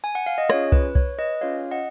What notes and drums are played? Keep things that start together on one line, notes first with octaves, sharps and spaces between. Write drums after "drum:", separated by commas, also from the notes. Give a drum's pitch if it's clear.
G#5
F#5
F5
D#5
C#4 F4 G#4 C#5, drum: rim click
B4, drum: kick
C#5, drum: kick
B4 D#5
C#4 F4 G#4 C#5 F5
D#5 F#5